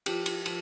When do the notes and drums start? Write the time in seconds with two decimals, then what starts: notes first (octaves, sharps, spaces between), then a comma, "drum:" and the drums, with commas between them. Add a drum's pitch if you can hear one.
0.06 F3 G4, drum: cymbal
0.26 drum: cymbal
0.46 F3, drum: cymbal